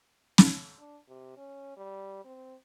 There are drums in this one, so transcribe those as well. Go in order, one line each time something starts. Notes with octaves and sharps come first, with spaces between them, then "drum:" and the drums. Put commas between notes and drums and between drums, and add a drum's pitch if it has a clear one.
drum: snare
D4
C3
C#4
G3
C4